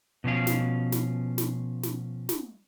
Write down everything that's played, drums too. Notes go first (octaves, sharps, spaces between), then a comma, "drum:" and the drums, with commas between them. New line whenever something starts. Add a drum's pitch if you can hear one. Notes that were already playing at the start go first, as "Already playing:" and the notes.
B2 F3 C#4 F5
drum: snare
drum: snare
drum: snare
drum: snare
drum: snare